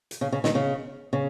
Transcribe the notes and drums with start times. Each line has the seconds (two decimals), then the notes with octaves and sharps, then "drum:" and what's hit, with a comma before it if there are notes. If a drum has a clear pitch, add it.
0.11 drum: hi-hat
0.21 C#3
0.32 C#3
0.44 D#3, drum: snare
0.55 C#3
1.13 C#3